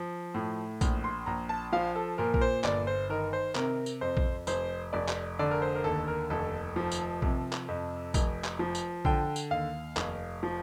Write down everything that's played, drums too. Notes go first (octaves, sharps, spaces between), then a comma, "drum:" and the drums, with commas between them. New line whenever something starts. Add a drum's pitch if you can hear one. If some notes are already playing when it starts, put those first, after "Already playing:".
Already playing: F3
A2
A#1, drum: kick A#1, tambourine
C6
A#1 A#5
A5
F3 F5
A4
A#2 A#4
A#4, drum: kick A#1
C5
G1 D5, drum: clap
C5
D#3 A#4
C5
C3 A#4, drum: clap
drum: tambourine
F2 C5
drum: kick A#1
F1 C5, drum: tambourine
F1 D5
drum: clap
D3 D5
A#4
C5
A#4
D#2 A4
A#4
F1 A4
F3
drum: tambourine
C3, drum: kick A#1
drum: clap
F2
F1, drum: kick A#1, tambourine
drum: clap
F3
drum: tambourine
D3 G5, drum: kick A#1
drum: tambourine
D#2 F5
F1, drum: clap
F3